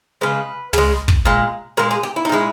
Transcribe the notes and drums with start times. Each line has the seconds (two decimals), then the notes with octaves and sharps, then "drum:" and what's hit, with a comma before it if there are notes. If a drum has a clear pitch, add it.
0.21 C#3 G#3 B4
0.73 C#3 G#3, drum: tom
1.08 drum: kick
1.25 A#2 G#3
1.77 A#2 G#3 A#4
1.91 G#4
2.03 G4
2.16 E4
2.25 D#4
2.29 A#2 G#3 E4